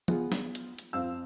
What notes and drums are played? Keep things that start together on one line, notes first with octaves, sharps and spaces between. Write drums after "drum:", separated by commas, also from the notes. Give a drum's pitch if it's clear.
B3 F4 G#4, drum: tom F3
drum: snare
drum: hi-hat
drum: hi-hat
F2 C4 F5 E6